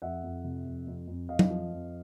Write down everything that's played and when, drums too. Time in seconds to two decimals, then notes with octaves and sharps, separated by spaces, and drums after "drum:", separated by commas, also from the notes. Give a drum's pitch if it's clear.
0.02 F2 E5 F#5
0.23 F2
0.44 C3
0.66 F2
0.87 F2
1.07 F2
1.29 F2 D#5 F5
1.39 drum: tom F#3
1.50 F3
1.71 F2